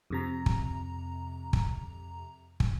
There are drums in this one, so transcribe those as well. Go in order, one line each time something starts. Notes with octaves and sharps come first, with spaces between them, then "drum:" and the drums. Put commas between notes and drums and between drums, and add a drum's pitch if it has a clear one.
F2 C3 A#5
drum: kick
drum: kick
drum: kick